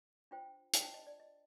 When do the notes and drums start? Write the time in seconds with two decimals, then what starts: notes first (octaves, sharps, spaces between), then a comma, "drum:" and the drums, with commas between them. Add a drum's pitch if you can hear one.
0.31 D4 F4 C5 G5
0.74 G5, drum: hi-hat
0.81 D4 F4 C5 A5
0.94 D#5
1.07 D5
1.20 D#5